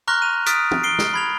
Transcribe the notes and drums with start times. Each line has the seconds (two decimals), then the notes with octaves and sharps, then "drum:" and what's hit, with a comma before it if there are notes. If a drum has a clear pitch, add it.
0.08 A#5 C6 C#6 F6 F#6 A#6
0.22 D#7 F7
0.46 D#6 F6 A6 B6 D7, drum: hi-hat
0.71 drum: tom
0.83 C7 D7 G7
0.99 F6, drum: snare
1.14 B5 G#6 F7